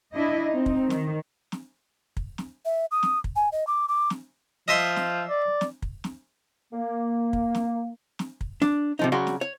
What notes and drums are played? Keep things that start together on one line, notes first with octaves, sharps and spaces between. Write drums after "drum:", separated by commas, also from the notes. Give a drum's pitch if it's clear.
D4 E4 D#5
C4 D#4
drum: kick
D#3, drum: snare
drum: snare
drum: kick
drum: snare
E5
D#6
drum: snare
drum: kick
G#5
D#5
D6
D6
drum: snare
F3 D#5 E5 C6
drum: snare
D5
drum: snare
drum: kick
drum: snare
A#3
drum: kick
drum: snare
drum: snare
drum: kick
D4, drum: snare
C3 F3 D#4
C#3 F#3 F#4 D5 C6
drum: snare
C#5